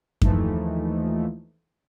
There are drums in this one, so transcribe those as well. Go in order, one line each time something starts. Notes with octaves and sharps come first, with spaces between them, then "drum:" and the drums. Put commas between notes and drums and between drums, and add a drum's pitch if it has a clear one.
D#2 E3 F3 A3 D#4, drum: kick F#2